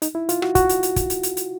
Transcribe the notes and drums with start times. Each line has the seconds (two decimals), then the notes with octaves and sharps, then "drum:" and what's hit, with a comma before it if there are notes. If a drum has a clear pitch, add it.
0.02 D#4, drum: hi-hat
0.15 E4
0.29 F4, drum: hi-hat
0.42 F#4, drum: rim click
0.55 F#4, drum: kick, hi-hat
0.69 drum: hi-hat
0.83 drum: hi-hat
0.96 drum: kick, hi-hat
1.10 drum: hi-hat
1.23 drum: hi-hat
1.37 drum: hi-hat